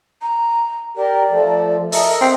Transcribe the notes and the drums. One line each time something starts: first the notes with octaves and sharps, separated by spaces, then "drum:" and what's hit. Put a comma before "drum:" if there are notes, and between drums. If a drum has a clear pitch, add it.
A#5
G4 A#4 D5
F3 A3
A4 A#4 D#5 E5, drum: open hi-hat
C4